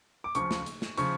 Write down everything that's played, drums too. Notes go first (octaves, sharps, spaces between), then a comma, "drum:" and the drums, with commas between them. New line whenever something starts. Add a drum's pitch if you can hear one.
D6
C#2 C#3 F3 C#6, drum: hi-hat
drum: snare
drum: hi-hat
drum: snare
C#3 F3 C#6, drum: hi-hat